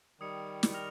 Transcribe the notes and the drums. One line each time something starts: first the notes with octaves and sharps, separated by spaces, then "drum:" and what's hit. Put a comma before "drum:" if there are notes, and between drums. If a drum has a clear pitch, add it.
D#3 G3 D#6 G#6 C#7 F7
drum: snare
F6 A#6 F7